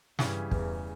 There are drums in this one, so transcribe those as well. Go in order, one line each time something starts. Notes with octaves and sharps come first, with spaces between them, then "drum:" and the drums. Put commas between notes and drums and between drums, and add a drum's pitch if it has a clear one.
G2 C#3 E3 G3 C#4, drum: snare
E2, drum: kick